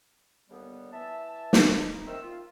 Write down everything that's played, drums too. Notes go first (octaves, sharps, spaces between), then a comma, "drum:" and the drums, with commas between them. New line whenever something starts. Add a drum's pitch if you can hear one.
D#2 D3 G3 B3
E3 E5 A5
drum: snare
D#4
D#3 C4 A#4 E5 E6
F4